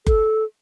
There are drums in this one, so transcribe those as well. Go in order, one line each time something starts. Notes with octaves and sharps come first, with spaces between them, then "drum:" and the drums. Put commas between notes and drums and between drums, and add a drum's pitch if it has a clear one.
A4, drum: kick F#1